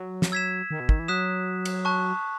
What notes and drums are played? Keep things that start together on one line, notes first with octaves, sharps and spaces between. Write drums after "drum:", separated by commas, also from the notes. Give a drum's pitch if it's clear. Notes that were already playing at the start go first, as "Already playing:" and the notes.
Already playing: F#3
drum: snare
E6 G#6 B6 E7
D#3
B2
D#3, drum: kick
E3
F#3 D#6 F#6 B6 E7
drum: cymbal
A5 C#6 F#6